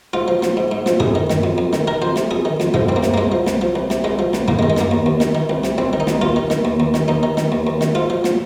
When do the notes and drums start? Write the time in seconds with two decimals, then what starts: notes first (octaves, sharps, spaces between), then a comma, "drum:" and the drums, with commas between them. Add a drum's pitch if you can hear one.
0.13 G#2 F4
0.28 F3
0.43 F3, drum: snare
0.57 G#2
0.72 G#2
0.86 F3, drum: snare
1.00 F2 G#4, drum: tom
1.15 D#3
1.30 D#3, drum: snare
1.44 F2
1.58 F2
1.73 D#3, drum: snare
1.88 D#3 A#4
2.02 F2 C5
2.16 C3, drum: snare
2.31 F2 G#4
2.45 D#3
2.60 F2, drum: snare
2.74 F3 G#3, drum: tom
2.89 C2 C4
2.96 A#3
3.03 C3, drum: snare
3.14 A#3
3.18 C2 G#3
3.32 F3
3.47 C2, drum: snare
3.62 F3
3.76 C2
3.90 C3, drum: snare
4.04 C2 G#3
4.19 F3
4.33 C2, drum: snare
4.48 D#2 A#3, drum: tom
4.59 G#3
4.63 D#3
4.70 G#3
4.77 D#3 A#3, drum: snare
4.91 D#2
5.06 D#2
5.20 D#3, drum: snare
5.35 D#3
5.50 C2
5.64 C3, drum: snare
5.78 C2 C4
5.93 D#3
6.00 D#4
6.07 C2, drum: snare
6.22 D#2 F4
6.36 D#3
6.50 D#3, drum: snare
6.65 D#2
6.80 D#2
6.94 D#3, drum: snare
7.08 D#2 D#4
7.23 D#3
7.37 D#3, drum: snare
7.52 D#2
7.67 D#2
7.81 D#3, drum: snare
7.95 G#2 F4
8.10 F3
8.24 F3, drum: snare